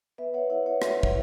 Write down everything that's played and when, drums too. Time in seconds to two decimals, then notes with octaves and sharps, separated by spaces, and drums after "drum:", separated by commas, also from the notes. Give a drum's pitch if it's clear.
0.18 B3 B4 E5
0.34 C#5 F#5
0.50 E4 C#5 F#5
0.66 C#5 F#5
0.82 B3, drum: rim click
1.03 drum: kick